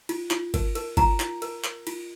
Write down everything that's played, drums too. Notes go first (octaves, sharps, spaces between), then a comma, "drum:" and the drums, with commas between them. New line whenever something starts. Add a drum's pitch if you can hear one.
F4, drum: cymbal
F4, drum: clap
A#4, drum: kick G1, cymbal
A#4, drum: cymbal
F4 A#5, drum: kick G1, cymbal
F4, drum: clap
A#4, drum: cymbal
A#4, drum: clap
F4, drum: cymbal